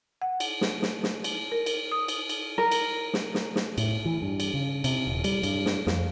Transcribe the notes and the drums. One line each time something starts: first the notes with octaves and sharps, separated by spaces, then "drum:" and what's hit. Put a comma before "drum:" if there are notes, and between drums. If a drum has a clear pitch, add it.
F#5
drum: cymbal
drum: snare
drum: snare
drum: snare
drum: cymbal
A#4
drum: cymbal
D#6
drum: cymbal
drum: cymbal
A#4
drum: cymbal
drum: snare
drum: snare
drum: snare
A2, drum: cymbal
E3
G2
drum: cymbal
C#3
C3, drum: cymbal
D#1
G3, drum: cymbal
G2, drum: cymbal
drum: snare
F2, drum: snare